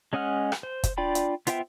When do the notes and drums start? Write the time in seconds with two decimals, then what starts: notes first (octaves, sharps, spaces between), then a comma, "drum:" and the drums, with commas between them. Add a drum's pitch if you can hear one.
0.13 G#3 C#4 D#5 F#5 F6
0.52 drum: rim click
0.63 C5
0.83 drum: kick, hi-hat
0.98 D4 F4 D5 G5 B5
1.15 drum: hi-hat
1.47 B3 F4 C5 E5 G5, drum: hi-hat